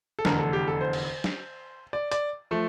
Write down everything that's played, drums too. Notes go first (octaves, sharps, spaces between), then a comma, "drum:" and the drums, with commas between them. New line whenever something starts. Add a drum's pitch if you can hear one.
A4
F1 E2 D3 A#4, drum: snare
A4
G4
A4
C5
drum: cymbal
drum: snare
D5
D5, drum: hi-hat
F3 A3